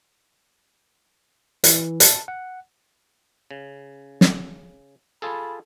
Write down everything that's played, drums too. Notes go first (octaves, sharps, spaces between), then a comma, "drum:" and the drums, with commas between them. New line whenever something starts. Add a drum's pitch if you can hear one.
E3, drum: hi-hat
A5, drum: hi-hat
F#5
C#3
drum: snare
F4 G#4 A4 B5